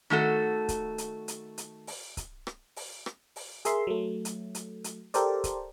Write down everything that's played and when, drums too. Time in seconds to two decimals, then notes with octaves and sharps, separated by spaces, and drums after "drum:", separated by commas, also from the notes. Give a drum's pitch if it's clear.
0.10 D#3 A3 F#4 A4
0.69 drum: kick C#1, hi-hat
0.98 drum: hi-hat
1.28 drum: hi-hat
1.58 drum: hi-hat
1.87 drum: open hi-hat
2.17 drum: kick C#1, hi-hat
2.47 drum: rim click
2.76 drum: open hi-hat
3.06 drum: rim click
3.36 drum: open hi-hat
3.65 G#4 A#4 E5 C6, drum: hi-hat
3.87 F#3 A3
4.25 drum: hi-hat
4.55 drum: hi-hat
4.84 drum: hi-hat
5.14 G4 A4 A#4 C5 D5, drum: hi-hat
5.44 drum: kick C#1, hi-hat